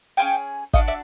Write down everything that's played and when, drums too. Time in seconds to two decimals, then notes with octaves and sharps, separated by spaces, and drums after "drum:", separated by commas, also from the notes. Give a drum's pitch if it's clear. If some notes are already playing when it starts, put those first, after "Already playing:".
0.17 C#4 F4 G#4 F5 G5
0.74 D4 F#4 A4 D#5 F5, drum: kick
0.87 D5 E5